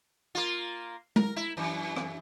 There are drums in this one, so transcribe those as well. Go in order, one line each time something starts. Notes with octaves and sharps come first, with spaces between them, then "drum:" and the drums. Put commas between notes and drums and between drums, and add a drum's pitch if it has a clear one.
A#3 F4
A#4, drum: tom G#3
E4
F#2 E3
drum: rim click